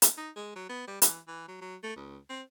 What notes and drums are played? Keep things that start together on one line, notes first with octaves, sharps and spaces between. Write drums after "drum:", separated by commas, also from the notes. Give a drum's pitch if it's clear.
drum: hi-hat
D#4
G#3
F#3
B3
G3
E3, drum: hi-hat
E3
F#3
F#3
A3
C#2
C4